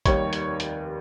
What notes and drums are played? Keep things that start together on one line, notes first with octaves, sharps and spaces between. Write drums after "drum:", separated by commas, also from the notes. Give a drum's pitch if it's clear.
F1 D#2 D#3 G3 C#5, drum: kick, hi-hat
drum: hi-hat
drum: hi-hat